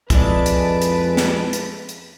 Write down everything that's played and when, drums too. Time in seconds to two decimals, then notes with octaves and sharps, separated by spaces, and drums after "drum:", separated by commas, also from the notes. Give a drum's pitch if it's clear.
0.10 F2 G#3 E4 B4 D5 A5 D7, drum: kick, hi-hat
0.46 drum: hi-hat
0.82 drum: hi-hat
1.17 drum: snare
1.53 drum: hi-hat
1.89 drum: hi-hat